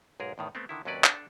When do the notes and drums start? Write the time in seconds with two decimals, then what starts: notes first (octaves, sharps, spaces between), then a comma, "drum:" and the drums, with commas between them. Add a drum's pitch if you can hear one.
0.20 B1 G#2 G#4 A#4
0.38 E2 A2 D#3
0.55 A3 B3 C4
0.69 D3 D#3 E4
0.85 D#2 C3 F#3 C#4 B4 D5
1.04 D4 A4, drum: clap